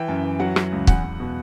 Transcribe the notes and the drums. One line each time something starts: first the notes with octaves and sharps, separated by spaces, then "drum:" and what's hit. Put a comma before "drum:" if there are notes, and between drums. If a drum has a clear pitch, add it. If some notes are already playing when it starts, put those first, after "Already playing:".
Already playing: E3 G5
F#2
E3
F#3 F#5
F#3, drum: rim click
C#2
E2 F#5, drum: kick
E2
B2